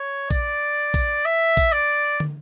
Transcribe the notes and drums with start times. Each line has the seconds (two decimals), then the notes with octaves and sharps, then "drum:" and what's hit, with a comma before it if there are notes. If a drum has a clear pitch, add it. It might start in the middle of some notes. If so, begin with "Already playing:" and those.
Already playing: C#5
0.31 D5, drum: kick A#1, tambourine
0.94 drum: kick A#1, tambourine
1.25 E5
1.57 drum: kick A#1, tambourine
1.72 D5
2.20 drum: tom